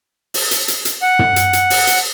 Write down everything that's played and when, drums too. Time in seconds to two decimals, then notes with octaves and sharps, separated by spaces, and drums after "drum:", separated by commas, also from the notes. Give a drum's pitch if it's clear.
0.34 drum: open hi-hat
0.51 drum: hi-hat
0.68 drum: hi-hat
0.85 drum: hi-hat
1.02 F#5
1.19 drum: tom
1.36 drum: hi-hat
1.53 drum: hi-hat
1.70 drum: open hi-hat
1.87 drum: hi-hat